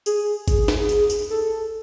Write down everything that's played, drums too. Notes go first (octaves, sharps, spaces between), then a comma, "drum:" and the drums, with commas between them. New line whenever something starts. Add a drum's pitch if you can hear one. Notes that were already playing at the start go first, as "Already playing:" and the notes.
G#4, drum: tambourine
drum: kick G#1, tambourine
drum: snare
drum: tambourine
drum: tambourine
A4